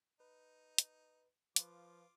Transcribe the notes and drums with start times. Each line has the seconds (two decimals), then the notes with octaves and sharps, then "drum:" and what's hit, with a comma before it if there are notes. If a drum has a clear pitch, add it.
0.20 D#4 B4
0.78 drum: hi-hat
1.56 F3 F4 B4 F5 D6, drum: hi-hat